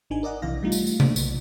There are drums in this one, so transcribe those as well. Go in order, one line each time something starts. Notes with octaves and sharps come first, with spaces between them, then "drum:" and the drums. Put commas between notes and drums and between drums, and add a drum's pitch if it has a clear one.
G#1 D4 D#4 G#5
A#4 D5 D#5 F#5
B1 C3 E3 F5 A#6
G3 A3 D#4 F4
drum: tambourine
drum: tambourine
D4, drum: tom C3
B1, drum: tambourine